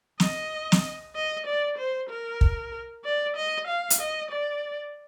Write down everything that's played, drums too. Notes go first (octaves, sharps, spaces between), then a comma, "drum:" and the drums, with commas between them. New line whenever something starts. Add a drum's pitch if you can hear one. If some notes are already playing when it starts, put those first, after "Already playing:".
D#5, drum: snare
drum: snare
D#5
D5
C5
A#4
drum: kick
D5
D#5
F5
drum: hi-hat
D#5
D5